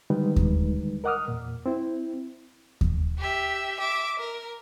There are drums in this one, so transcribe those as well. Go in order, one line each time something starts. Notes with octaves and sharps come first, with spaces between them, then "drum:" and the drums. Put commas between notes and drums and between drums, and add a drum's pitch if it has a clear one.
D3 D#3 G3 G#3 D#4 B4
drum: kick D#2
A#4 D#5 F#5 D6 D#6 F6
E2 A#2
C4 E4
drum: kick D#2
G4 E5
E5 D6
A#4